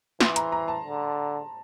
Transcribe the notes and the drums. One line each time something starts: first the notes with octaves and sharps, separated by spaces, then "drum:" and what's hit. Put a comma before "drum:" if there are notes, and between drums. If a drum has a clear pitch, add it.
E3 C6, drum: snare
A#5, drum: hi-hat
A#5
A5
D3